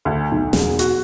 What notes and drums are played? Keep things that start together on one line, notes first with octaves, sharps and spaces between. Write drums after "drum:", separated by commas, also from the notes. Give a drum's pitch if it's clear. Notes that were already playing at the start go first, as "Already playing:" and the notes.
D2
B1
E1, drum: snare
F#4, drum: hi-hat